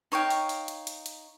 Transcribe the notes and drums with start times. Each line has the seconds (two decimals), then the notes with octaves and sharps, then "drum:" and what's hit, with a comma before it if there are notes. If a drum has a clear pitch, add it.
0.12 D#4 C#5 F5 G5
0.30 drum: open hi-hat
0.49 drum: open hi-hat
0.68 drum: hi-hat
0.87 drum: hi-hat
1.06 drum: hi-hat